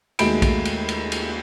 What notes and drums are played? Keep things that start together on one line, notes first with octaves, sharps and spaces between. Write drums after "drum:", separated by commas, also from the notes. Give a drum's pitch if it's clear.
D#2 G#3 A3 F#4 B5 D7, drum: cymbal
drum: kick A#1, cymbal
drum: cymbal
drum: cymbal
drum: cymbal